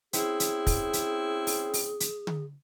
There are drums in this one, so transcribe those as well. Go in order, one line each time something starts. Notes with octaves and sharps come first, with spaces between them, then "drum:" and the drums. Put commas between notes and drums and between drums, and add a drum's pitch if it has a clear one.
C4 C#4 E4 G#4, drum: hi-hat
drum: hi-hat
drum: kick, open hi-hat
drum: hi-hat
drum: open hi-hat
drum: open hi-hat
drum: hi-hat
drum: tom D3